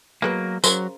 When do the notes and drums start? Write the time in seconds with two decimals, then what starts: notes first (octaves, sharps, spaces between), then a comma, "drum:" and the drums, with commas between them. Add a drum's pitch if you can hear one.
0.22 F#3 G#3 A#3 B3 B4
0.64 C#3 F#3 A#4 C5, drum: tambourine